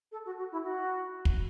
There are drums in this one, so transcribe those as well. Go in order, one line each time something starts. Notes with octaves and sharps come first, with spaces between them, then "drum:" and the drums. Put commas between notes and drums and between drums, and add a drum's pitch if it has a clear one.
A4
F#4
F#4
E4
F#4
drum: kick